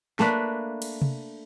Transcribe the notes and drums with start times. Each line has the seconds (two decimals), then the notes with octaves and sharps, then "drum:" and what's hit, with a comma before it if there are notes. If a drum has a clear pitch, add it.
0.19 A3 A#3 D4 B4, drum: snare
0.82 drum: cymbal
1.02 drum: tom C3